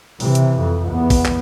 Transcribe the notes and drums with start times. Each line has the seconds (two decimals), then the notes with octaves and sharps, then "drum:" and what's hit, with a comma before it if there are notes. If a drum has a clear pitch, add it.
0.20 C3 E3, drum: open hi-hat
0.35 drum: hi-hat
0.59 F2
0.89 E2 B3
1.10 drum: kick A1, open hi-hat
1.25 drum: clap